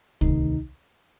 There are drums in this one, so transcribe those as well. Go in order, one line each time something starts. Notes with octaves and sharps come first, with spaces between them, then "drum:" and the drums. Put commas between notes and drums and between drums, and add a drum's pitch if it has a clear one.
D2 C3 D#3 D#4, drum: kick C2